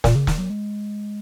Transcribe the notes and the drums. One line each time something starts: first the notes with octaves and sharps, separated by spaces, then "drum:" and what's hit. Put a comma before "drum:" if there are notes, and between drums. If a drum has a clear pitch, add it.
A#2, drum: snare
C#3
D#3, drum: snare
F#3
G#3